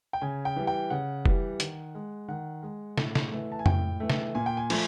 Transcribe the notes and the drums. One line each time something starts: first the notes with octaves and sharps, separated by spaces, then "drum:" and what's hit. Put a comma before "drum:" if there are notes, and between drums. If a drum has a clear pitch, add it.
G5
C#3 G#5
G5
E3 G3
G5
C#3 F#5
E3 G3, drum: kick F1
D#3, drum: hi-hat
G#3
D#3 F#5
G#3
A2, drum: snare
drum: snare
E3 A3
A5
G#5
A2 G5, drum: tom F2
E3 A3
drum: snare
A#2 G#5
G5
G#5
F3 A3, drum: cymbal